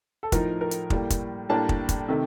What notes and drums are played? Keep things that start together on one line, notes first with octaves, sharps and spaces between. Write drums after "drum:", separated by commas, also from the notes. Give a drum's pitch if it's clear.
A4
A2 F3 A3 D#4 A#4, drum: kick, hi-hat
A#4
drum: hi-hat
A2 G3 A#3, drum: kick
drum: kick, hi-hat
A2 G3 A#3 D4 A5
drum: kick
drum: kick, hi-hat
C3 D#3 A3